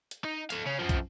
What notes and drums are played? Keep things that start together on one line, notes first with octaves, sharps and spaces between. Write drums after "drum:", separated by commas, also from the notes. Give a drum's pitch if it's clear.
drum: hi-hat
D#4
A4 F5, drum: hi-hat
C#3 C#4
F#2 F3
drum: kick, hi-hat